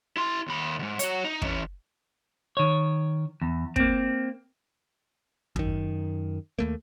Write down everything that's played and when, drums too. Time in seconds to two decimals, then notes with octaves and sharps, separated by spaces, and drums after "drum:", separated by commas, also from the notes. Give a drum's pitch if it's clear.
0.17 E4 C6
0.48 D#2 B5
0.79 D2 G#2
0.99 F#4 C#5, drum: hi-hat
1.24 D#4
1.42 E3 C#4, drum: kick
2.57 D#3 C#5
3.42 E2
3.76 A#3 C4, drum: kick
5.56 F#2 D#3, drum: kick
6.59 D#2 A3 A#3